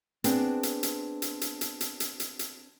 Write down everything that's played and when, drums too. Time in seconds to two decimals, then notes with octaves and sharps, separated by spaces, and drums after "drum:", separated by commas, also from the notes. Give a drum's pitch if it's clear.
0.24 B3 C4 D4 G#4, drum: hi-hat
0.63 drum: hi-hat
0.83 drum: hi-hat
1.22 drum: hi-hat
1.41 drum: hi-hat
1.61 drum: hi-hat
1.81 drum: hi-hat
2.00 drum: hi-hat
2.20 drum: hi-hat
2.39 drum: hi-hat